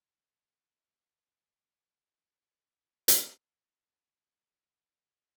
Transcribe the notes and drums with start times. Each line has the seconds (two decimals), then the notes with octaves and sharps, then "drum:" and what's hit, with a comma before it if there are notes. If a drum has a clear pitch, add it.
0.81 G3 D4 G#4 A#4 E5
3.08 drum: hi-hat
3.35 B6
3.78 C#2 F#2 C3 G#6 D7